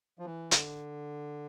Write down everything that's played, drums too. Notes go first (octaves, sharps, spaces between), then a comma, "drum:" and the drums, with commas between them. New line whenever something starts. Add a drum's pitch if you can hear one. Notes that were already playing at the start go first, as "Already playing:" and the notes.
F3
E3
D3, drum: hi-hat